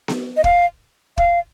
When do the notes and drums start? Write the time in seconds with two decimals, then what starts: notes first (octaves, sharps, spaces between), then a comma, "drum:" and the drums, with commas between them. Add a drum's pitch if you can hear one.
0.08 drum: snare B3
0.37 D#5
0.44 F5, drum: kick
1.18 F5, drum: kick